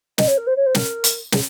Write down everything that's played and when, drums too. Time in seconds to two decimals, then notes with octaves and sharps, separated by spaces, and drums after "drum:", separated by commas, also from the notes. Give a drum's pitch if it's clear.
0.18 D#5, drum: snare
0.27 C#5
0.37 A#4
0.47 C5
0.56 C#5
0.66 C5
0.75 A#4, drum: snare
1.04 drum: hi-hat
1.32 G#4, drum: snare